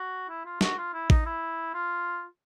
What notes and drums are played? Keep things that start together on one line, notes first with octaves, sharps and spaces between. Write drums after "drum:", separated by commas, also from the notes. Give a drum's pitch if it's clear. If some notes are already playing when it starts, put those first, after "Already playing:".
Already playing: F#4
E4
F4
F#4, drum: snare
F4
E4
D#4, drum: kick A1
E4
F4